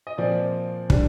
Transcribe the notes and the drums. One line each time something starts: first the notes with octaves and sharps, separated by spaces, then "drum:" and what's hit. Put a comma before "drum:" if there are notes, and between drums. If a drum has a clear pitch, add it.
D#5
A#2 F3 C4 D5
D3 G3 D4, drum: kick